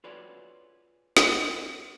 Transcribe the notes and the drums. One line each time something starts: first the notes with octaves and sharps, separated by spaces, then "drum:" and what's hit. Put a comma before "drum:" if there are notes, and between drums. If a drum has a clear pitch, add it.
F4 F#4 G#4 B4 C#5 D5
drum: snare